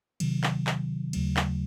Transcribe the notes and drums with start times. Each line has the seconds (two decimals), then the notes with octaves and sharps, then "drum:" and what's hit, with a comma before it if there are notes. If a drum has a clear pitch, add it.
0.20 C3 D#3 F#3, drum: cymbal
0.44 drum: clap
0.67 drum: clap
1.13 D#2 C#3 F#3 A3, drum: cymbal
1.37 drum: clap